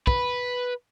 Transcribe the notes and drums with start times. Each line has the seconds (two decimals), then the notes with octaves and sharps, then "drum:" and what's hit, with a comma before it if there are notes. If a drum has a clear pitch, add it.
0.07 B4, drum: kick